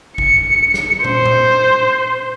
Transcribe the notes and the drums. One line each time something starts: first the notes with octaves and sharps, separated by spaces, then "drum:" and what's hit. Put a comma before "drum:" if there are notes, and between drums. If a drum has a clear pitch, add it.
C#7, drum: kick G#1
drum: snare
C5, drum: tom
drum: tom A2